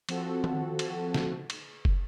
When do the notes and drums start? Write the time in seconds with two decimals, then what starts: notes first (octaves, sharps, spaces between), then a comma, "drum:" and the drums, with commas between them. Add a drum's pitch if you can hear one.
0.09 F3 C4 F#4 A4, drum: cymbal
0.44 drum: tom D#3
0.79 drum: cymbal
1.14 drum: snare
1.50 drum: cymbal
1.85 drum: kick